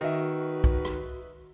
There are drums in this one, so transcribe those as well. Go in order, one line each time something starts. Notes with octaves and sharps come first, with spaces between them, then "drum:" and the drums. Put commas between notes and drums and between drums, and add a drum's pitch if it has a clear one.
D#3 F#4 B4 D#5 E5
drum: kick B1
drum: rim click